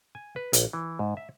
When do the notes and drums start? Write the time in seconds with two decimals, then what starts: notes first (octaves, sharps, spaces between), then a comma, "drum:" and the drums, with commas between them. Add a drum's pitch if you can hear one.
0.15 G#5
0.36 B4
0.53 A#1, drum: hi-hat
0.73 E3
0.99 G#2
1.17 E5